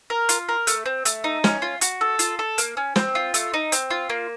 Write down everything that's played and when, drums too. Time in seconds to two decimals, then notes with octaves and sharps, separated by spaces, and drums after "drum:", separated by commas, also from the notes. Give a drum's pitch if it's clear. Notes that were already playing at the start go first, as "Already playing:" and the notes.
0.10 A#4
0.29 F4, drum: hi-hat
0.49 A#4
0.67 A3, drum: hi-hat
0.86 C4
1.05 A3, drum: hi-hat
1.24 D#4
1.44 C#4, drum: snare
1.62 F4
1.81 F#4, drum: hi-hat
2.01 A4
2.19 F4, drum: hi-hat
2.39 A4
2.58 A#3, drum: hi-hat
2.77 C#4
2.96 C4, drum: snare
3.15 F4
3.34 A3, drum: hi-hat
3.54 D#4
3.72 C4, drum: hi-hat
3.90 F4
4.10 A#3